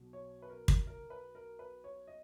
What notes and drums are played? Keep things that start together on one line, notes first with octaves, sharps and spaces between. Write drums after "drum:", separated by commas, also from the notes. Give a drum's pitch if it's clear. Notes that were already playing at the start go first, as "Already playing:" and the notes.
Already playing: B1 B2 F#3
C#5
B4
A#4
drum: kick
A#4
B4
A#4
B4
C#5
D#5